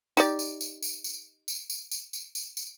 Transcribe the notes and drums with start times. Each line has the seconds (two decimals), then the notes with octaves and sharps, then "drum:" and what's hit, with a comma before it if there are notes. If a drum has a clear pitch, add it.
0.17 D#4 G4 D5, drum: tambourine
0.39 drum: tambourine
0.61 drum: tambourine
0.82 drum: tambourine
1.04 drum: tambourine
1.48 drum: tambourine
1.70 drum: tambourine
1.91 drum: tambourine
2.13 drum: tambourine
2.35 drum: tambourine
2.57 drum: tambourine